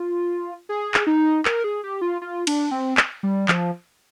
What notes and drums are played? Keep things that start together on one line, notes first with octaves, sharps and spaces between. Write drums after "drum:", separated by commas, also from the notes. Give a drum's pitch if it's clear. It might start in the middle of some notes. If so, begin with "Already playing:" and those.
Already playing: F4
G#4
drum: clap
D#4
A#4, drum: clap
G#4
G4
F4
F4
D4, drum: cymbal
C4
drum: clap
G3
F3, drum: clap